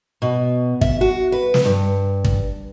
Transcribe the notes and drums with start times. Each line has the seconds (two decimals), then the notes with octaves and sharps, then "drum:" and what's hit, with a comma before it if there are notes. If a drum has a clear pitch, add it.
0.22 B2
0.81 E5, drum: kick
1.01 F#4
1.32 B4
1.54 drum: snare
1.65 G2
2.24 drum: kick